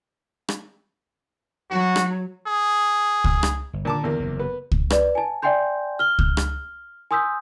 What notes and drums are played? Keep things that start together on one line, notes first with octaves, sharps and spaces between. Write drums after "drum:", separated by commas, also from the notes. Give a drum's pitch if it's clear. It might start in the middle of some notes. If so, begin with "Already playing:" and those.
drum: rim click
F#3 F#4
drum: rim click
G#4
drum: kick C#2
drum: rim click
G1
A#2 D3 D#3 D4 A5 D6
E2 A#3
F#1 C3
B3
drum: kick C#2
B4 D5, drum: rim click
G#5 A5
D5 E5 G5 G#5 C6 G6
F6 G7
drum: kick C#2
drum: rim click
G#5 C6 D#6 E6 G6 B6